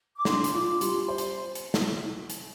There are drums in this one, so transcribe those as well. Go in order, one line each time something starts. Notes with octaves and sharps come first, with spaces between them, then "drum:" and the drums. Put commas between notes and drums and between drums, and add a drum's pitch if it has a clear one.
D6
D4 C6, drum: snare
drum: hi-hat
F4 D6
G3 C6, drum: hi-hat
C5 C6
drum: hi-hat
drum: hi-hat
drum: snare
drum: hi-hat